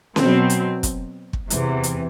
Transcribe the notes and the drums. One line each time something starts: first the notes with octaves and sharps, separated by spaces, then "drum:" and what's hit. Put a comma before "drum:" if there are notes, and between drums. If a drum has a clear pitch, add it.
B2 F#3 C4, drum: snare C#4
drum: hi-hat
drum: kick, hi-hat
drum: kick
E2 C3 E3, drum: hi-hat
drum: hi-hat